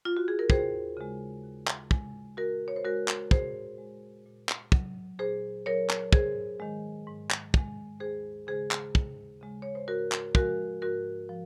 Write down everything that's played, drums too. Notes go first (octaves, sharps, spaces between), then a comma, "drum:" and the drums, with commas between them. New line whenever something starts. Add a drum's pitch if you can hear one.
F4
F#4
G#4
A#4
D#2 G#4 C5, drum: kick
C#3 G#3
D#2
drum: clap
C#3 G#3, drum: kick
A#2 F#4 A#4
C#5
C5
G#3 F#4 A#4
drum: clap
A#2 G#4 C5, drum: kick
G#3
A#2
drum: clap
F#3, drum: kick
A#2 G#4 C5
F#3 A#4 C#5
drum: clap
G#2 G#4 C5, drum: kick
D#3 G#3
G#2
drum: clap
D#3 G#3, drum: kick
D#2 G#4 C5
C#3 G#3 G#4 C5
drum: clap
D#2, drum: kick
C#3 G#3
C#5
C5
G#2 F#4 A#4
drum: clap
F3 G#3 F#4 A#4, drum: kick
G#2 F#4 A#4
F3